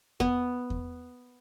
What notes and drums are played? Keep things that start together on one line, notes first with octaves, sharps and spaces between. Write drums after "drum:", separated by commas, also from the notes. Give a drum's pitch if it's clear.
B3, drum: kick E2
drum: kick E2